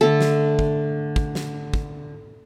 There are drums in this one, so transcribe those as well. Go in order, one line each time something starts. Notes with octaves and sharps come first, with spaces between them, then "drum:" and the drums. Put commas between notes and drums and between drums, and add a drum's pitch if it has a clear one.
D3 A3 A4
drum: snare
drum: kick
drum: kick
drum: snare
drum: kick